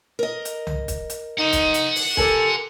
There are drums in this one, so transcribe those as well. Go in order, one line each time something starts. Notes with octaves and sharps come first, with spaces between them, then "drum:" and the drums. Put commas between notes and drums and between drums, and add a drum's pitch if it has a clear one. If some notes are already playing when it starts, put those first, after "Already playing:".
A#4 D#5
drum: hi-hat
drum: tom C2
drum: kick, hi-hat
drum: hi-hat
D#4 F#5 C6
drum: kick, hi-hat
drum: hi-hat
drum: open hi-hat
G4 A4 A#4 G#5, drum: kick